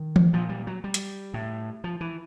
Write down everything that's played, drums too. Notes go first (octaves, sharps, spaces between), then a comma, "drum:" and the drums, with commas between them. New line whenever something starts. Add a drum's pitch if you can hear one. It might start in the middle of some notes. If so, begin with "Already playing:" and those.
Already playing: D#3
drum: tom E3
A#2 F3
G3
F#3
G3
drum: hi-hat
A2
F3
E3